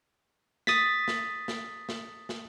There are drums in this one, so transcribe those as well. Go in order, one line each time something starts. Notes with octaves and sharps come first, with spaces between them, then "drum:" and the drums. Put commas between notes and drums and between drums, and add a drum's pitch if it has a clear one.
D#6 A6 B6, drum: snare
drum: snare
drum: snare
drum: snare
drum: snare